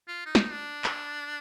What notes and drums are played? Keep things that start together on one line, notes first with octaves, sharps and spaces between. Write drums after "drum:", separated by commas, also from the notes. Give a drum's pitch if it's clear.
F4
D#4
drum: snare
D4
drum: clap